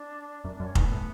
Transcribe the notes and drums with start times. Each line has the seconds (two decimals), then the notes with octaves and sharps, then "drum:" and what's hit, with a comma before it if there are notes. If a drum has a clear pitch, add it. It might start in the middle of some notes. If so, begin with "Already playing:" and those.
Already playing: D4
0.44 F#2 D4
0.55 F#2 D4
0.66 C#4
0.75 G#2 B3, drum: kick F1
0.92 A2